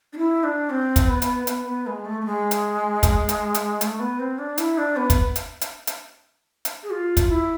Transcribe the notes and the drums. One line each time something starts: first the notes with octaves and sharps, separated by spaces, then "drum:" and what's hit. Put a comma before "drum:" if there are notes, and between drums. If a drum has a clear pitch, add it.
D4
E4
D4
C4
drum: kick, hi-hat
B3
drum: hi-hat
B3, drum: hi-hat
B3
G#3
A3
A3
G#3
drum: hi-hat
drum: kick, hi-hat
drum: hi-hat
drum: hi-hat
A3, drum: hi-hat
B3
C4
D4
E4, drum: hi-hat
D4
B3
drum: kick, hi-hat
drum: hi-hat
drum: hi-hat
drum: hi-hat
drum: hi-hat
G#4
F4
drum: kick, hi-hat
E4